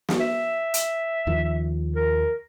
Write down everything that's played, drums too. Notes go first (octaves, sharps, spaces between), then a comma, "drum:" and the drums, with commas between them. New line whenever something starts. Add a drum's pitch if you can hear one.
drum: snare
E5
drum: hi-hat
D#2 D#3 F3
A#4